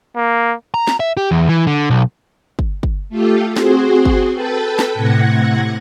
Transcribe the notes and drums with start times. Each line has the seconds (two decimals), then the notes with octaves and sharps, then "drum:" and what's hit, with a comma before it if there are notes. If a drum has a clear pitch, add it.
0.16 A#3
0.74 A#5
0.88 drum: snare
1.00 E5
1.17 G4
1.31 E2
1.49 E3
1.67 D3
1.90 B1
2.59 drum: kick
2.83 drum: kick
3.09 A3 F4 G4 A4
3.57 C4 F#4 G#4 C5, drum: snare
4.05 drum: kick
4.33 A4 B4 G5 A5 B5
4.79 drum: snare
4.95 A2 C3 F#5 G#6 A#6 C#7